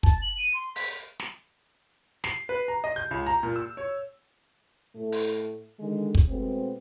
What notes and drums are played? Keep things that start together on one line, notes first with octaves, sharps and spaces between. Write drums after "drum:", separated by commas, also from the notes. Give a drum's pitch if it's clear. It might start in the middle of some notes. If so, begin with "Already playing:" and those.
A5, drum: kick
F#7
D#7
C6
B6, drum: open hi-hat
drum: snare
C7, drum: snare
B4
A#5
D#5
G6
C#2
A#5
A#2
E6
C#5
A2 A3
drum: open hi-hat
D3 D#3 G#3
drum: kick
B2 G#3 A3 B3 C4